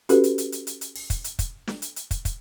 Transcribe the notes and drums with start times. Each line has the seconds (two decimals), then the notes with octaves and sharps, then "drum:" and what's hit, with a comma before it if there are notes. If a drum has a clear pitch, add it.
0.09 C#4 F#4 G4 A4 B4, drum: hi-hat
0.24 drum: hi-hat
0.38 drum: hi-hat
0.52 drum: hi-hat
0.67 drum: hi-hat
0.81 drum: hi-hat
0.96 drum: open hi-hat
1.10 drum: kick, hi-hat
1.24 drum: hi-hat
1.39 drum: kick, hi-hat
1.67 drum: snare
1.82 drum: hi-hat
1.96 drum: hi-hat
2.11 drum: kick, hi-hat
2.25 drum: kick, hi-hat